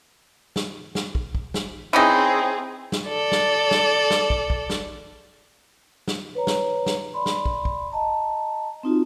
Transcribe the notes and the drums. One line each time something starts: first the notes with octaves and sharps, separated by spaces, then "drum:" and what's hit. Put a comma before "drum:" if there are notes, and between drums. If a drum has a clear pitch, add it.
drum: snare
drum: snare
drum: kick
drum: kick
drum: snare
E3 C4 C#4 D#4 G#4
drum: snare
A4 D5
drum: snare
drum: snare
drum: snare
drum: kick
drum: kick
drum: snare
drum: snare
B4 C#5 A#5
drum: snare
drum: snare
D5 B5 C6
drum: snare
drum: kick
drum: kick
D#5 A5 A#5
C4 D#4 F4 F#4